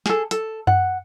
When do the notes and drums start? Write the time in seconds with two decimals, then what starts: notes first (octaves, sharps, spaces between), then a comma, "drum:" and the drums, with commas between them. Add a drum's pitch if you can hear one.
0.06 G#4 A4, drum: snare
0.31 A4, drum: hi-hat
0.67 F#5, drum: tom F#2